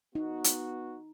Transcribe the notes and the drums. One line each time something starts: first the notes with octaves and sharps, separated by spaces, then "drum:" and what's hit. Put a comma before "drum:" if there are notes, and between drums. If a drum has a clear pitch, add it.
B3 D#4 F#4
drum: hi-hat